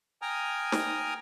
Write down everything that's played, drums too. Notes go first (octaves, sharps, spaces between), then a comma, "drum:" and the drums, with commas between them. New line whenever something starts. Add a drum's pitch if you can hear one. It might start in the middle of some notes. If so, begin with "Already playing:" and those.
G5 G#5 A#5 D#6 F6
drum: snare